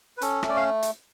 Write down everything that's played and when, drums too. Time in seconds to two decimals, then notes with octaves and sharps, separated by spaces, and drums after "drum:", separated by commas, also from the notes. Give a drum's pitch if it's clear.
0.17 B4
0.22 C#4 A4, drum: hi-hat
0.43 A3, drum: rim click
0.49 D5
0.57 F5
0.83 drum: hi-hat